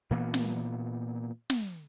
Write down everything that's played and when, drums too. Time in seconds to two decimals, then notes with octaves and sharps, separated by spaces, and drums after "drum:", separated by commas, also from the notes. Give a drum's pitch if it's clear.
0.11 A#2 E3 A#3 B3
0.34 drum: snare
1.50 drum: snare